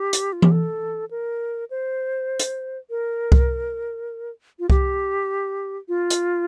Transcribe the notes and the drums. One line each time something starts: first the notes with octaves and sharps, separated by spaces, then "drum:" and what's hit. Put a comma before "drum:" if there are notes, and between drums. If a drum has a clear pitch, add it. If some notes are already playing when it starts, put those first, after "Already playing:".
Already playing: G4
drum: hi-hat
F4
G4, drum: tom E3
A4
A#4
C5
drum: hi-hat
A#4
drum: kick C2
F4
G4, drum: kick C2
F4
drum: hi-hat